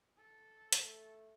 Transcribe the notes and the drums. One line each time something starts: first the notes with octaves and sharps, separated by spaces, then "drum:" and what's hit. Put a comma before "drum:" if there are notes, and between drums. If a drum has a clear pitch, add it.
A4
A3, drum: hi-hat